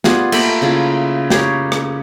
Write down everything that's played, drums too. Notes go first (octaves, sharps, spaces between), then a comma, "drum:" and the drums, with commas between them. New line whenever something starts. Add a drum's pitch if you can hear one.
G3 B3 F4 G#4, drum: snare
A3 A#3 B5, drum: cymbal
C#3 E4 F4
G4 G#4 A#4 C#5, drum: snare
drum: rim click